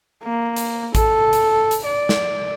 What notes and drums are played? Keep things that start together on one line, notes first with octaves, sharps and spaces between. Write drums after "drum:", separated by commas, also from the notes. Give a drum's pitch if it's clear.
A#3
drum: hi-hat
A4, drum: kick A1, hi-hat
drum: hi-hat
drum: hi-hat
D5
drum: snare